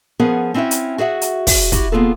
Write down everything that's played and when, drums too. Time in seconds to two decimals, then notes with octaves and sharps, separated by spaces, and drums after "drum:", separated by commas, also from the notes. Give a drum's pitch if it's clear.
0.19 F3 B3 C#4 G#4 A#4 F#5
0.54 C4 C#4 E4 F#4 E5
0.71 drum: hi-hat
0.98 F#4 G#4 E5 F#5
1.21 drum: hi-hat
1.47 drum: kick, open hi-hat
1.72 E4 F#4 G4, drum: kick, hi-hat
1.92 A#3 B3 F4 G#4 A4